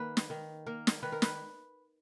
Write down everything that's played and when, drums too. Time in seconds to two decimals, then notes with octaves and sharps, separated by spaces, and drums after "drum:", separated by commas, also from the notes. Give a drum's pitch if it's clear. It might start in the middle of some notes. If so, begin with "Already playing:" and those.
Already playing: D#3 A#3 B4
0.17 drum: snare
0.30 D#3
0.67 A#3 A#4
0.87 drum: snare
1.03 D#3 B4
1.12 A#4
1.22 B4, drum: snare